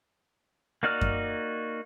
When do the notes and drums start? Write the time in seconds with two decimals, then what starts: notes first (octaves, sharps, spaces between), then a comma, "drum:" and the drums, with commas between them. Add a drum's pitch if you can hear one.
0.83 A#3 D#4 F#4 D5 F6
1.01 drum: kick F#2